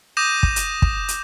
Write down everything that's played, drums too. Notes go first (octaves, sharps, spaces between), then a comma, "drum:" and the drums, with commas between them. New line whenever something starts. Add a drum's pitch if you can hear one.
D6 D#6 G6 A#6 D#7 E7
drum: kick
drum: hi-hat
drum: kick
drum: hi-hat